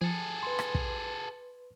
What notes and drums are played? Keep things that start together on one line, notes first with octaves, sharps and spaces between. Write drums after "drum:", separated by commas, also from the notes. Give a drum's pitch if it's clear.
F3 G#4 A4
B4 C6
drum: rim click
drum: kick